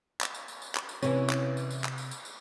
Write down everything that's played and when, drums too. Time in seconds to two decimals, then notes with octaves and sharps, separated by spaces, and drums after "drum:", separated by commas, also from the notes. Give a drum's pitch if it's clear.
0.21 drum: clap
0.34 drum: tambourine
0.48 drum: tambourine
0.62 drum: tambourine
0.75 drum: clap
0.89 drum: tambourine
1.03 C3 E3 C#4, drum: tambourine
1.30 drum: clap
1.57 drum: tambourine
1.71 drum: tambourine
1.84 drum: clap
1.98 drum: tambourine
2.11 drum: tambourine
2.25 drum: tambourine